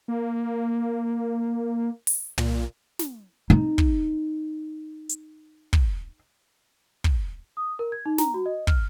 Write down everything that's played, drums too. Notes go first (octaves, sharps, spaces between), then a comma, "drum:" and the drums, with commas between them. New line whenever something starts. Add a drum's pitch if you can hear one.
A#3
drum: open hi-hat
A#2, drum: tom
drum: snare
C4 D#4
drum: kick
drum: hi-hat
drum: kick
drum: kick
D#6
A#4
G#6
D#4
A#5, drum: snare
F#4
D#5
F6, drum: kick